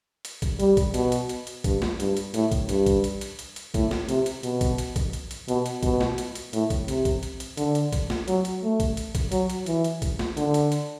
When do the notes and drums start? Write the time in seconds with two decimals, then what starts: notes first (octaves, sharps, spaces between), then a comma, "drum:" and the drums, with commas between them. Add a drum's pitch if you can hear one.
0.25 drum: hi-hat
0.42 drum: kick, hi-hat
0.60 G3, drum: hi-hat
0.77 drum: kick, hi-hat
0.94 B2, drum: hi-hat
1.12 drum: hi-hat
1.29 drum: hi-hat
1.47 drum: hi-hat
1.64 G2, drum: kick, hi-hat
1.82 drum: snare
2.00 G2, drum: hi-hat
2.17 drum: hi-hat
2.34 A2, drum: hi-hat
2.52 drum: kick, hi-hat
2.69 G2, drum: hi-hat
2.86 drum: kick, hi-hat
3.04 drum: hi-hat
3.21 drum: hi-hat
3.39 drum: hi-hat
3.56 drum: hi-hat
3.74 A2, drum: kick, hi-hat
3.91 drum: snare
4.09 C3, drum: hi-hat
4.26 drum: hi-hat
4.43 B2, drum: hi-hat
4.61 drum: kick, hi-hat
4.78 drum: hi-hat
4.96 drum: kick, hi-hat
5.13 drum: hi-hat
5.31 drum: hi-hat
5.48 B2, drum: hi-hat
5.66 drum: hi-hat
5.83 B2, drum: kick, hi-hat
6.01 drum: snare
6.18 drum: hi-hat
6.35 drum: hi-hat
6.53 A2, drum: hi-hat
6.70 drum: kick, hi-hat
6.88 C3, drum: hi-hat
7.05 drum: kick, hi-hat
7.23 drum: hi-hat
7.40 drum: hi-hat
7.57 D3, drum: hi-hat
7.75 drum: hi-hat
7.92 drum: kick, hi-hat
8.10 drum: snare
8.28 F#3, drum: hi-hat
8.45 drum: hi-hat
8.63 A3
8.80 drum: kick, hi-hat
8.97 drum: hi-hat
9.15 drum: kick, hi-hat
9.32 F#3, drum: hi-hat
9.50 drum: hi-hat
9.66 E3, drum: hi-hat
9.84 drum: hi-hat
10.02 drum: kick, hi-hat
10.19 drum: snare
10.37 D3, drum: hi-hat
10.54 drum: hi-hat
10.72 drum: hi-hat